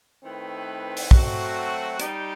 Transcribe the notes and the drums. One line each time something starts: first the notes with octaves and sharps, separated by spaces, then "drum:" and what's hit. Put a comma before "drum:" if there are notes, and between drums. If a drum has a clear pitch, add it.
D#3 A3 C4 E4 B4
drum: open hi-hat
F#3 A3 C4 F#4, drum: kick
G3 D#4 G4, drum: hi-hat